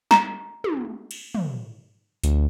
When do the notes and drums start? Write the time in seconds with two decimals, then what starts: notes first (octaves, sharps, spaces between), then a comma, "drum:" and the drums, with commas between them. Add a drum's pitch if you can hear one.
0.11 A#5, drum: snare
0.64 drum: tom
1.11 drum: cymbal
1.35 drum: tom
2.23 D2, drum: hi-hat